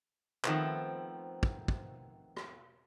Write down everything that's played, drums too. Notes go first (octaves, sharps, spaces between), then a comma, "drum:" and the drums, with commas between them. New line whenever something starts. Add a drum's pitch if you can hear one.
D#3 F3 A3 B3 C4, drum: clap
drum: kick
drum: kick
drum: rim click